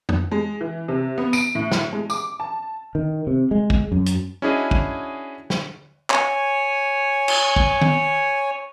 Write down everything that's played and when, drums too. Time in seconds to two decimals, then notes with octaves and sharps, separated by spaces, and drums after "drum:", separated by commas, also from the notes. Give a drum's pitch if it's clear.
0.09 drum: tom F2
0.32 G#3
0.61 E3
0.88 C3
1.18 B3
1.33 D7, drum: tambourine
1.55 A2
1.71 drum: snare
1.93 G#3
2.10 D6, drum: tambourine
2.40 A5
2.95 D#3
3.27 C3
3.51 G#3
3.70 drum: kick
3.92 F#2
4.06 drum: hi-hat
4.42 C#4 D4 E4 F#4 G#4 D#5
4.71 drum: kick
5.50 drum: snare
6.10 C#5 G#5, drum: clap
7.28 drum: cymbal
7.56 drum: kick
7.81 drum: tom D#3